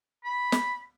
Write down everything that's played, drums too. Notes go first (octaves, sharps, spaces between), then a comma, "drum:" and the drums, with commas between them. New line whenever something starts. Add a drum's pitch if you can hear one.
B5
drum: snare